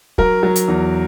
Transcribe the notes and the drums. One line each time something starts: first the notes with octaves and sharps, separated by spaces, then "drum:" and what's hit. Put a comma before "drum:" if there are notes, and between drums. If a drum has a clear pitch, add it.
F#3 A#4, drum: kick
F#3
drum: hi-hat
E2